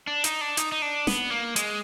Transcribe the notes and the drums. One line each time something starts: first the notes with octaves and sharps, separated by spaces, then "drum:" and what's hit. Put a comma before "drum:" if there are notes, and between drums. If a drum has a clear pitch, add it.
D4
D#4, drum: hi-hat
D4
D#4, drum: hi-hat
D#4
D4
B3, drum: snare
A#3
G#3, drum: hi-hat